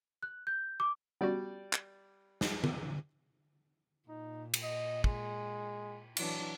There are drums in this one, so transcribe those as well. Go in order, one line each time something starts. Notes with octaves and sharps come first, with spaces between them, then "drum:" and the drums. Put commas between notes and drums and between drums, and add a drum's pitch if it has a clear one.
F#6
G6
D6
G3 B3 F#4 D5
drum: clap
drum: snare
drum: tom D3
A#2 D#4
drum: cymbal
D#5
G#3, drum: kick
E3 F#3 D4, drum: cymbal